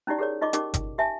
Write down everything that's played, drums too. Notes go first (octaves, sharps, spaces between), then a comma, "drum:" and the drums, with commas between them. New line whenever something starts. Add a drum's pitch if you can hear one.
C#4 D#4 E4 G4 D5
G4 G#4 A#4 C#5 D5
D#4 F4 D#5 C#6 D6
C#4 D#4 G4 A#4 C#6 D6, drum: hi-hat
drum: kick G1, hi-hat
G4 E5 G#5 A5